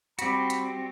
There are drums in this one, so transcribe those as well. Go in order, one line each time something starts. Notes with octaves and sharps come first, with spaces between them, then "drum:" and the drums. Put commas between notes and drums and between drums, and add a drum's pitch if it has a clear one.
G3 C4 F#4 G4 B5, drum: hi-hat
drum: hi-hat